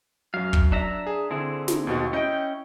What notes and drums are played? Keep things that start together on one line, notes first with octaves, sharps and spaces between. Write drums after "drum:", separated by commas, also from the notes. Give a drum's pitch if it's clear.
F#2 F#3 F5
drum: kick
D4 E5 A#5
G#4
D3 C4 E4 G#4
drum: snare
D#2 B2 F#4
C#4 E4 D#5 G5 G6